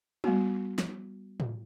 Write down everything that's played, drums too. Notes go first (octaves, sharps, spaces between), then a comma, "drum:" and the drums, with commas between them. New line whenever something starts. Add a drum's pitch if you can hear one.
G3 B3 F#4, drum: tom G3
drum: snare
drum: tom A2